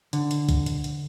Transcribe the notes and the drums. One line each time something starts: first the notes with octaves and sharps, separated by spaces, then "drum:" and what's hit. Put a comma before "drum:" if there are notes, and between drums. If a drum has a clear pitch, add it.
D3, drum: hi-hat
drum: hi-hat
drum: kick, hi-hat
drum: hi-hat
drum: hi-hat